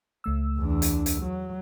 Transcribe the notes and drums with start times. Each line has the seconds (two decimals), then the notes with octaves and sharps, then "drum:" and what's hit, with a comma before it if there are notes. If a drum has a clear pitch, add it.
0.24 C#2 A3 E6
0.58 E2 D4
0.82 drum: hi-hat
1.06 drum: hi-hat
1.21 F#3